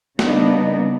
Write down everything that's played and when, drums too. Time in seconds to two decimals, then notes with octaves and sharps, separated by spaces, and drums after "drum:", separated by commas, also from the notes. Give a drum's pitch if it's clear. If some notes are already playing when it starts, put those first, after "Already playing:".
0.19 C#3 G3 A#3 B3 D4 D#4, drum: snare